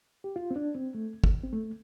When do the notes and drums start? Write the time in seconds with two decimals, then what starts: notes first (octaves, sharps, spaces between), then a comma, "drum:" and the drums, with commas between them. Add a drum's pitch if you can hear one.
0.24 G4
0.36 F4
0.51 C4
0.56 D4
0.75 C4
0.95 A3
1.24 drum: kick
1.44 C4
1.53 A3